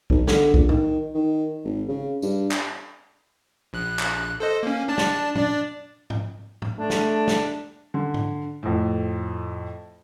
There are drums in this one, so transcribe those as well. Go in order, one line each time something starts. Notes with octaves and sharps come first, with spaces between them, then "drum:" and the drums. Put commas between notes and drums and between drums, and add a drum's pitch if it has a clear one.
B1, drum: kick B1
D3, drum: snare
A#1, drum: kick B1
D#3, drum: tom A2
D#3
G#1
C#3
G2, drum: tambourine
drum: clap
A#1 F#6
drum: clap
A4 C5 D#5
A#3 C#4
D4 D5 A5
drum: snare
D4 D5, drum: tom
drum: tom G#2
drum: tom A2
A3 D4
drum: snare
drum: snare
D3
drum: tom G#2
F2 A2